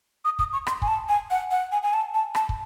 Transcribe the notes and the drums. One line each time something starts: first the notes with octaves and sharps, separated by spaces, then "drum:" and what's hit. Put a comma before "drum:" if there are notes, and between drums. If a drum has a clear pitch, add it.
D#6
D#6, drum: kick
C#6
C6, drum: rim click
G#5, drum: kick
A5
G#5
F#5
F#5
G#5
G#5
A5
A5
A5, drum: rim click
drum: kick